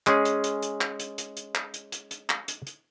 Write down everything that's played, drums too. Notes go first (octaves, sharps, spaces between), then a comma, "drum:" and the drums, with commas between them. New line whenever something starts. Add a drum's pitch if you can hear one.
G#3 C#4 G#4, drum: clap
drum: hi-hat
drum: hi-hat
drum: hi-hat
drum: clap
drum: hi-hat
drum: hi-hat
drum: hi-hat
drum: clap
drum: hi-hat
drum: hi-hat
drum: hi-hat
drum: clap
drum: hi-hat
drum: hi-hat